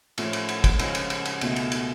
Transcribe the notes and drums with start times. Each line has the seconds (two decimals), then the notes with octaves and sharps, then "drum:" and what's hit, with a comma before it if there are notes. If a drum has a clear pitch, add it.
0.18 A2 F3 A3 C#4 F4, drum: cymbal
0.33 drum: cymbal
0.49 drum: cymbal
0.64 drum: kick, cymbal
0.79 C#3 F3 G#3 C#4 F4, drum: cymbal
0.95 drum: cymbal
1.10 drum: cymbal
1.25 drum: cymbal
1.41 C#2 B2 A3, drum: cymbal
1.56 drum: cymbal
1.72 drum: cymbal